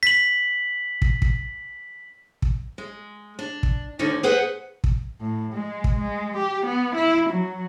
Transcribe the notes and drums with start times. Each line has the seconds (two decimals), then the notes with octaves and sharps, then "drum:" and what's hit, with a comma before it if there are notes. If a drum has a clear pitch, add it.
0.03 B6 F#7
1.02 drum: kick
1.22 drum: kick
2.42 drum: kick
2.78 G#3
3.39 D4
3.63 drum: kick
3.99 D2 D3 D#3 C#4 D4
4.23 G#4 B4 C5 F#5
4.84 drum: kick
5.21 A2
5.53 G#3
5.84 drum: kick
5.99 G#3
6.37 G4
6.66 B3
6.95 E4
7.30 F#3